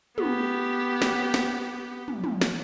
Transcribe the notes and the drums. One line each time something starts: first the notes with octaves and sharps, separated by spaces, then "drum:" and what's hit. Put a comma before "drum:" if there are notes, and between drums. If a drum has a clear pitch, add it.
B3 G4, drum: tom
drum: snare
drum: snare
drum: tom
drum: tom
drum: snare